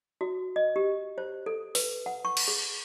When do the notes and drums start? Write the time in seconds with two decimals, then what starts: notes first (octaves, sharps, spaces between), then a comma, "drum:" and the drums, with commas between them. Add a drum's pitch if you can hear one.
0.21 F#4
0.56 D#5
0.76 G4
1.18 C5
1.46 A4
1.75 B4, drum: open hi-hat
2.06 F#5
2.25 C#6
2.37 drum: cymbal
2.48 G#4